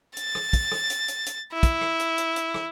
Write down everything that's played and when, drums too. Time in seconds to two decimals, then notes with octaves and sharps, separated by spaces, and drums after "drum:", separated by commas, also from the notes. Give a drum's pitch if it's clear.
0.17 A6, drum: hi-hat
0.35 drum: rim click
0.53 drum: kick, hi-hat
0.72 drum: rim click
0.90 drum: hi-hat
1.08 drum: hi-hat
1.26 drum: hi-hat
1.53 E4
1.63 drum: kick, hi-hat
1.81 drum: rim click
2.00 drum: hi-hat
2.18 drum: hi-hat
2.36 drum: hi-hat
2.54 drum: rim click